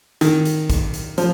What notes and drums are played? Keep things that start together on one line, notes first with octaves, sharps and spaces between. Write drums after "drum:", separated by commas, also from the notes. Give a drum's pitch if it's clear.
D#3, drum: hi-hat
drum: hi-hat
drum: kick, hi-hat
drum: hi-hat
F3, drum: hi-hat